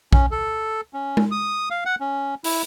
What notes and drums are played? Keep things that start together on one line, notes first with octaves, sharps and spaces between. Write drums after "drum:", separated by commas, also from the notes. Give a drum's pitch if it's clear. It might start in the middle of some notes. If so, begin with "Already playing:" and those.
C#4, drum: kick A#1
A4
C#4
drum: tom G#3
D#6
F5
F#5
C#4
E4, drum: open hi-hat